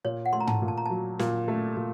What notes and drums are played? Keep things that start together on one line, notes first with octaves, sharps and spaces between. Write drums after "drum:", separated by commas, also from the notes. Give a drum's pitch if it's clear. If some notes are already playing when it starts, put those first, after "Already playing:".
A#2 C#5
F#5
A3 C6
A#5
A5, drum: tom G#2
A#2
A5
A#5
F#3 A5
A#2, drum: snare
A3
A#2